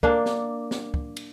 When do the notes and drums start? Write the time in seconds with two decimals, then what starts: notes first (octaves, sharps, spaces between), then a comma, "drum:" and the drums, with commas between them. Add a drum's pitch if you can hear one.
0.03 A#3 D4, drum: kick
0.26 drum: snare
0.71 drum: snare
0.94 drum: kick
1.16 drum: cymbal